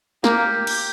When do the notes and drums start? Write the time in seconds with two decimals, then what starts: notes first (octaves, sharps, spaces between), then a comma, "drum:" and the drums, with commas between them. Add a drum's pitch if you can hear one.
0.24 A#3 G4, drum: snare
0.67 drum: cymbal